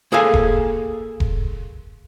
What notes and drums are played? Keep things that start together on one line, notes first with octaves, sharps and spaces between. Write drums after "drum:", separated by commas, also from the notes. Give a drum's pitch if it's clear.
A#3 G#4 A4 F5 G#5
drum: kick E1
drum: kick E1